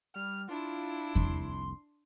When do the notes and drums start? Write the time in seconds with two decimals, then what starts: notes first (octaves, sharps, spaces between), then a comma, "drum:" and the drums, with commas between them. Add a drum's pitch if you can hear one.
0.15 G3 F6
0.49 D4 E4 F4
1.15 F1 C2 C6, drum: kick E2